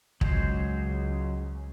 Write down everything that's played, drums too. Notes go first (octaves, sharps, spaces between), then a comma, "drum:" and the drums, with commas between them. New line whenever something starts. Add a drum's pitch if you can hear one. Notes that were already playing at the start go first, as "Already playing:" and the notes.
C#2 C#3 F#3 G#3 C5, drum: kick